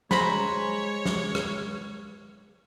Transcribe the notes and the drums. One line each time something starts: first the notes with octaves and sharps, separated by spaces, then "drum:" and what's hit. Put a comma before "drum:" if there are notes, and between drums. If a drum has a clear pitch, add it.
G#3 C5 C#5 G#5 A#5 B5, drum: snare
drum: snare
drum: rim click